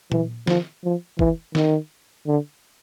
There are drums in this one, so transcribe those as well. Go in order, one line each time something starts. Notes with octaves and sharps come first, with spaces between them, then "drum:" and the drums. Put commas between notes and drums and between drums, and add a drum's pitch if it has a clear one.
E3, drum: tom A#2
F3, drum: snare
F3
E3, drum: kick
D#3, drum: snare
D3